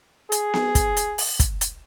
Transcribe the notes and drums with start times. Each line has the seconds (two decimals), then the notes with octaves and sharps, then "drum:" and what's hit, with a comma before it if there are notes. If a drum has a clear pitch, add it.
0.32 G#4, drum: hi-hat
0.54 drum: snare B3
0.75 drum: kick, hi-hat
0.97 drum: hi-hat
1.18 drum: open hi-hat
1.40 drum: kick, hi-hat
1.61 drum: hi-hat